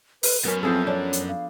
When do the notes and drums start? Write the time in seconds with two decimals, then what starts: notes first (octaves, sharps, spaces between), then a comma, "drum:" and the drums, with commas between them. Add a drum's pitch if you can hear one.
0.23 B4, drum: open hi-hat
0.45 F#2 B3 C#4 A#4
0.63 F3 C4 G#4 A4
0.87 D4 C#5
1.13 drum: hi-hat
1.28 F5